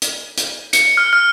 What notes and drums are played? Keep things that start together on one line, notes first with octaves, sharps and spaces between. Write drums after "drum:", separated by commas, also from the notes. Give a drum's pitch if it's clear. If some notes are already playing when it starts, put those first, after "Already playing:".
drum: hi-hat
drum: hi-hat
C#7, drum: hi-hat
F6
F6